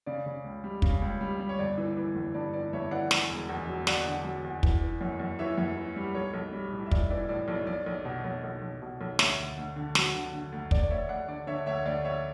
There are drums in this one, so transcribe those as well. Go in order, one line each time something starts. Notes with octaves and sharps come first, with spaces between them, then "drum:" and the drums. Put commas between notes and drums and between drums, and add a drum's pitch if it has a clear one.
C#3 D5
C#3
C#2
G3
C#3, drum: kick
C#2
G3
G3
C#5
G1 D5
E3
E3
G1
G2 D5
E3 D5
G1 C#5 E5
E3 D5 F#5
E2, drum: snare
E1
E2
F#3
F#3 D5 F#5, drum: snare
D3
F#3
E2
E3, drum: kick
E3
F#2
F#2
E3 C#5 E5
F#2
E3
G3
B1 C#5
B1
G3
A2
E5
A2 D5, drum: kick
E3 D5
A2 D5
B1 D5
B1 D5
B1
B2
B1
B1
B1
B2
B1
D2 C#5 E5, drum: snare
D2
D2
D3
F#3, drum: snare
D3
D3
D2
D2 D5, drum: kick
D5
D2 C#5 E5
D2 D5 F#5
D3 D5
D3 C#5 E5
D2 C#5 E5
D2 D5
D2 C#5 E5